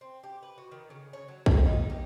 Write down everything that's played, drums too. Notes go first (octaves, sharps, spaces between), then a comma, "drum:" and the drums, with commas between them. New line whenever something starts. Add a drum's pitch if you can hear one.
C4
G4
B4
F#4
D#3
C#3
C#5
F#3
C4, drum: kick
D#4
G4